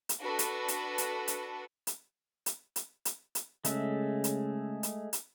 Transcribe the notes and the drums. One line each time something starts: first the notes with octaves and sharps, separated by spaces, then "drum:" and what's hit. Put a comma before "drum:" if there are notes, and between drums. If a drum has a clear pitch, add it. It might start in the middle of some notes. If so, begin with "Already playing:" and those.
drum: hi-hat
D4 F#4 A4 B4
drum: hi-hat
drum: hi-hat
drum: hi-hat
drum: hi-hat
drum: hi-hat
drum: hi-hat
drum: hi-hat
drum: hi-hat
drum: hi-hat
C#3 G#3 A3 E5, drum: hi-hat
drum: hi-hat
drum: hi-hat
drum: hi-hat